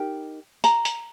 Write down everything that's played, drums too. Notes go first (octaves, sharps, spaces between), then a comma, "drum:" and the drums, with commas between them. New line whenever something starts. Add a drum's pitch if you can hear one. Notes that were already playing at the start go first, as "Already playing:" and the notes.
Already playing: D#4 G4 A#4 G5
A#5, drum: hi-hat
drum: hi-hat